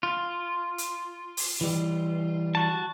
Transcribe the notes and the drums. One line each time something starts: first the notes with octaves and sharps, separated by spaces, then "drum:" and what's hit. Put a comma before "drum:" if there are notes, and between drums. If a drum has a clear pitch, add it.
F4
drum: hi-hat
drum: open hi-hat
E3 G3
F#4 A5